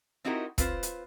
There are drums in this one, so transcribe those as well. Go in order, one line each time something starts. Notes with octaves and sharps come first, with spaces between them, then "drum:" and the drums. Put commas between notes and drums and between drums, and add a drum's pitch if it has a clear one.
C4 D#4 E4 F#4 G4 A#4
C4 F4 B4 C5, drum: kick, hi-hat
drum: hi-hat